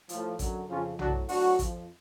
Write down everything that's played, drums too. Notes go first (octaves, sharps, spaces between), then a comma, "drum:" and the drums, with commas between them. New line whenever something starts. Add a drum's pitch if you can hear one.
A2 F3, drum: hi-hat
F#2 D3 F#3, drum: kick, hi-hat
F2 C#3 F3 C#4 F4
A2 F#3 D4 F#4, drum: tom B1
A2 F#3 D4 F#4, drum: open hi-hat
F2 F3, drum: kick, hi-hat